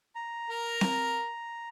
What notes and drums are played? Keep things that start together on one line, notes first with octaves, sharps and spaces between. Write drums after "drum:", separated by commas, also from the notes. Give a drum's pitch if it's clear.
A#5
A#4
drum: snare C4